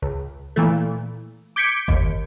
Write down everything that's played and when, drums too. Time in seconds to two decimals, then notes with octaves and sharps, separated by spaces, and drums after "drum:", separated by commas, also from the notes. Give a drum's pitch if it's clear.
0.02 C#2
0.56 A#2 E3 A3
1.56 D6 G6 G#6 B6 C#7 D7
1.88 D#2, drum: kick G1